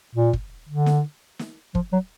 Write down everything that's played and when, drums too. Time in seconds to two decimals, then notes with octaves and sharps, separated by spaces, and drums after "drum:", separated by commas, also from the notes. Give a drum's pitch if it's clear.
0.15 A#2
0.33 drum: kick
0.69 D3
0.86 drum: snare
1.39 drum: snare
1.75 F3, drum: kick
1.93 F#3